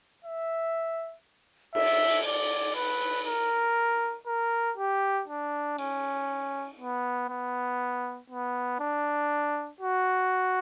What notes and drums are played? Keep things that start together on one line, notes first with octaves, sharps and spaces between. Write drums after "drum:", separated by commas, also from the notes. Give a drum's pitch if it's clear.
E5
E5, drum: cymbal
D5
B4
drum: cymbal
A#4
A#4
G4
D4
C#4, drum: cymbal
B3
B3
B3
D4
F#4